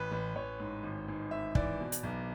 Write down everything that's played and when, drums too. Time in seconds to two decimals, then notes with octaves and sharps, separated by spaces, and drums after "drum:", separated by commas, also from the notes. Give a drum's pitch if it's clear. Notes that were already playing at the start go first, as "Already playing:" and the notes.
Already playing: A1 B4
0.12 A1
0.35 A1 C#5
0.59 G#2
0.83 G#1
1.08 G#2
1.31 G#1 E5
1.55 E3 D5, drum: kick
1.80 B2
1.92 drum: hi-hat
2.03 B1